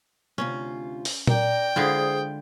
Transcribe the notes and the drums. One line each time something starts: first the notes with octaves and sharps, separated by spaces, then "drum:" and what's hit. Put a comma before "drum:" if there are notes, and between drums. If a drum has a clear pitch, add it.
D2 C3 C#4 F4
drum: open hi-hat
A#4 D5 G5, drum: tom A#2
D3 G#3 E4 F4 G#4 C5 D#6